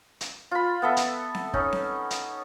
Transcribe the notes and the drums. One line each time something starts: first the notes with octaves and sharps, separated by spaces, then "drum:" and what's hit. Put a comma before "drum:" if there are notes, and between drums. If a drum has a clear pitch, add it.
drum: hi-hat
F4 B5
B3 A4 E5
drum: hi-hat
drum: snare C4
C#4 D#4, drum: kick
drum: snare C4
drum: hi-hat